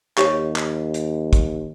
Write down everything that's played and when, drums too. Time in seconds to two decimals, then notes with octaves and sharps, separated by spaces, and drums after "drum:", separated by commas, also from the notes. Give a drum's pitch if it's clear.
0.18 D#2 G4 C#5, drum: clap
0.56 drum: clap
0.94 drum: hi-hat
1.33 drum: kick, hi-hat